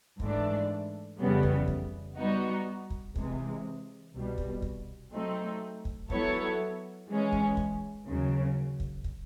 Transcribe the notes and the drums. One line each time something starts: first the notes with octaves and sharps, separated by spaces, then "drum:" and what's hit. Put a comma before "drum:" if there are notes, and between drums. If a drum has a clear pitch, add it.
G#2 E3 A3 D4, drum: kick
F2 C#3 E3 G3 B3
drum: kick
drum: kick
G3 B3 D#4 F#4
drum: kick
C3 E3 G#3, drum: kick
C2 B2 G3
drum: kick
drum: kick
F#3 A3 C4 D#4
drum: kick
F#3 B3 E4 A4 C#5, drum: kick
E3 G#3 C#4
drum: kick
drum: kick
D#2 C#3 F#3
drum: kick
drum: kick